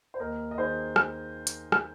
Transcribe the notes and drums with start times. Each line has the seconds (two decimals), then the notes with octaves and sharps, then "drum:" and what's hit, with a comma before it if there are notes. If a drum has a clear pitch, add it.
0.14 C5
0.19 D#2 A#4 D#5
0.51 D#5
0.57 D#3 G#4 C5
0.96 drum: rim click
1.47 drum: hi-hat
1.72 drum: rim click